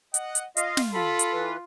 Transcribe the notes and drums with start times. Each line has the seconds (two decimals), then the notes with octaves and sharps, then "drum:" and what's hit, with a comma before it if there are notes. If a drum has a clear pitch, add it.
0.14 D#5 F#5, drum: hi-hat
0.35 drum: hi-hat
0.57 F4 D#5 F5, drum: hi-hat
0.77 drum: snare
0.94 F4 A4 B5
1.19 drum: hi-hat
1.33 E3 B4